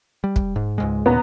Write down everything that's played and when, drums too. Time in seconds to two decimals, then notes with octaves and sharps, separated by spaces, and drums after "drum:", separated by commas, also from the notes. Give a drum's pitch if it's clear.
0.24 G3
0.36 drum: kick
0.56 G#2
0.78 C#2 G#2 G#3
1.06 D#2 A#2 B3 A#5